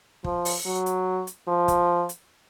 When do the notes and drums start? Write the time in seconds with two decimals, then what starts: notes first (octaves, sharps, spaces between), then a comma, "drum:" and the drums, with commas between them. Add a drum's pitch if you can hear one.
0.24 F3, drum: kick
0.45 drum: open hi-hat
0.66 F#3
0.86 drum: hi-hat
1.27 drum: hi-hat
1.47 F3
1.68 drum: kick, hi-hat
2.09 drum: hi-hat